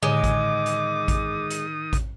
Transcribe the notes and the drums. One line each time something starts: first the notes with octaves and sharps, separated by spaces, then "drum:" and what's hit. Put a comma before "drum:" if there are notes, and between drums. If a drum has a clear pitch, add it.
A2 D3 D#3 G#3 D6 D#6
drum: kick A1, hi-hat
drum: hi-hat
drum: kick A1, hi-hat
drum: hi-hat
drum: kick A1, hi-hat